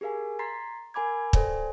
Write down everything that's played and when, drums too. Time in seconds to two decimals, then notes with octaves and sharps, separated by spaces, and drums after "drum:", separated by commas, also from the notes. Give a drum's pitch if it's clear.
0.01 G4 G#4 A#4 F5 G#5
0.39 A#5 C6 G#6 A6 B6 C7
0.94 A#4 G#5 B5 D6 G#6
1.33 A4 B4 C5 D5 G5 G#5, drum: kick